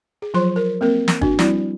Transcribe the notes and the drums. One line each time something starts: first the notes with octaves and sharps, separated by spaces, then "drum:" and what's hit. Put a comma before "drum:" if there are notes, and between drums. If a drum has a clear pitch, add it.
G#4
F3 F#3 F4 C5 C6
A#4
A#3 C4 A#4
drum: snare
D4 F#4, drum: kick G1
F3 G3 C4 E4 D5, drum: snare